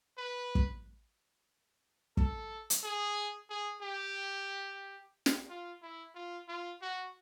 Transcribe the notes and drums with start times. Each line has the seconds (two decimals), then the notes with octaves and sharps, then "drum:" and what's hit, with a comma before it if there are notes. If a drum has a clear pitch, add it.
0.18 B4
0.55 drum: kick
2.17 A4, drum: kick
2.70 drum: hi-hat
2.83 G#4
3.50 G#4
3.82 G4
5.26 drum: snare
5.49 F4
5.82 E4
6.15 F4
6.48 F4
6.81 F#4